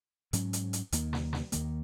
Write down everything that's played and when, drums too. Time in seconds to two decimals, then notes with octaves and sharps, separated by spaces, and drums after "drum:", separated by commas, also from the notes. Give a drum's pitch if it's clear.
0.33 G#2 F#3 C#4, drum: hi-hat
0.53 drum: hi-hat
0.73 drum: hi-hat
0.92 D#2 D#3 A#3, drum: hi-hat
1.13 drum: snare
1.33 drum: snare
1.52 D#2 D#3 A#3, drum: hi-hat